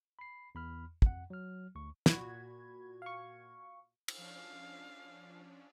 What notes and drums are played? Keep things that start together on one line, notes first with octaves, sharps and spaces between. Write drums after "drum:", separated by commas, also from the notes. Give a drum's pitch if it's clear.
B5 C7
E2 B5 F6
F2 F#5, drum: kick
F#3 F6
D2 C#6
A#2 F#4 B5 G#6, drum: snare
F5 C#6
drum: cymbal
F3 C#4 D4 F5